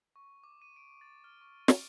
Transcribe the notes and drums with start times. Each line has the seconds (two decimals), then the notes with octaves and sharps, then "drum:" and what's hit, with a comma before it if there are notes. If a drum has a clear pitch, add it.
0.16 C#6
0.44 D6
0.62 D#7
0.76 D7
1.01 A6
1.24 F6
1.41 C#6
1.68 D7, drum: snare